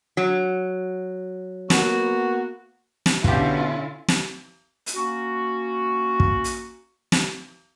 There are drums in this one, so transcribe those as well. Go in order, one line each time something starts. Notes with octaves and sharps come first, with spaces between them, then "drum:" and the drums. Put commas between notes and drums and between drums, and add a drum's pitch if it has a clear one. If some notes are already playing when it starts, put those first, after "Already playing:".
F#3
A#3 B3 F#4, drum: snare
drum: snare
B2 D3 C#4 E4 F4 G4, drum: kick
drum: snare
drum: hi-hat
A#3 C#4 F#4
drum: kick
drum: hi-hat
drum: snare